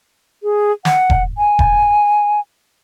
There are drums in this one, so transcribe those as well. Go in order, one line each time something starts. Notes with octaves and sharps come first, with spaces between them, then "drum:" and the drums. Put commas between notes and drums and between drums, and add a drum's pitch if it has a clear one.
G#4
F#5, drum: snare
drum: kick E1
G#5
drum: kick E1